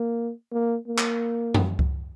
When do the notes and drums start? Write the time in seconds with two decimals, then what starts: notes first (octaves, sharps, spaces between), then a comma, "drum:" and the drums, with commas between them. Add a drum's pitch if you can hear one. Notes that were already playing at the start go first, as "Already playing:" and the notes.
Already playing: A#3
0.53 A#3
0.87 A#3
0.98 drum: clap
1.54 drum: tom F#2
1.79 drum: kick C#2